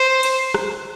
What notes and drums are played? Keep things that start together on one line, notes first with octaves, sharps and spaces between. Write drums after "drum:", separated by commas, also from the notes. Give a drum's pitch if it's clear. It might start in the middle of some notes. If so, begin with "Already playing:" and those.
Already playing: C5
drum: cymbal
drum: rim click